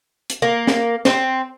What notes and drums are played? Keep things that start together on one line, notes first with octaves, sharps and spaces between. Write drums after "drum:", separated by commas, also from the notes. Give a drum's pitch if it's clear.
drum: hi-hat
A#3
drum: snare
C4, drum: snare